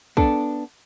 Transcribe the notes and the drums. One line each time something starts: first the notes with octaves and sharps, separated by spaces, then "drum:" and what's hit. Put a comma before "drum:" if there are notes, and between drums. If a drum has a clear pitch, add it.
B3 D4 A4, drum: kick